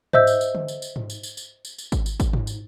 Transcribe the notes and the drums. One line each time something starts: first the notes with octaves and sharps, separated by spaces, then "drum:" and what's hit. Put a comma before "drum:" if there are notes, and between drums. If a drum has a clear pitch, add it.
C5 D#5 E5 E6 G6, drum: tom G#2
drum: tambourine
drum: tambourine
drum: tom D3
drum: tambourine
drum: tambourine
drum: tom G#2
drum: tambourine
drum: tambourine
drum: tambourine
drum: tambourine
drum: tambourine
drum: kick G#1, tambourine
drum: tambourine
drum: kick G#1, tambourine
drum: tom G#2
drum: tambourine